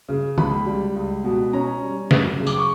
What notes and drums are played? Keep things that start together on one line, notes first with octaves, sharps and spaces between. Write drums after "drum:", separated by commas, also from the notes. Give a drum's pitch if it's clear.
C#3
C#2 B5, drum: tom
G3
C#2
B2
C#4 A#5
G3
F#2, drum: snare
C#3
D6, drum: tambourine
C#6